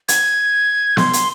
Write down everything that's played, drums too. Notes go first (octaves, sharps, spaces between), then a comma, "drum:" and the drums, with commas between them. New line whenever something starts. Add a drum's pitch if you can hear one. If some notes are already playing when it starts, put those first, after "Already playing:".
G#6, drum: hi-hat
C6, drum: snare B3
drum: hi-hat